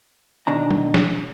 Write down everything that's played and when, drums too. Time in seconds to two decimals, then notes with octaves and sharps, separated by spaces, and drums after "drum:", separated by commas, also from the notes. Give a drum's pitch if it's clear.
0.47 B2 D#3 D4 A#5
0.71 drum: tom F#3
0.94 drum: snare